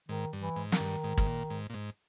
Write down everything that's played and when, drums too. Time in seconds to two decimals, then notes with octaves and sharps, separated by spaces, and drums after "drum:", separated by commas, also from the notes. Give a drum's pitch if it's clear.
0.09 G#2 D#3
0.33 G2
0.41 E3
0.56 G#2
0.72 D#3, drum: snare
0.80 G2
1.04 G#2
1.18 G#2, drum: kick
1.27 A#2
1.50 G#2
1.70 A#2
1.74 G#2